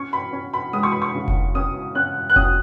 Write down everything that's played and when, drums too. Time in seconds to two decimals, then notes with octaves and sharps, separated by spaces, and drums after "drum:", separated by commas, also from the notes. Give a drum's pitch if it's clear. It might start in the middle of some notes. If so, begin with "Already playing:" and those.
Already playing: C#4 C#6
0.13 B5
0.33 C#4
0.54 B5
0.73 G#3 D#6
0.83 C#6
0.92 B5
1.02 C#6
1.15 C#3
1.28 drum: kick F1
1.55 C#4 D#6
1.95 C#4 F#6
2.30 F#6
2.36 C#4 D#6, drum: kick F1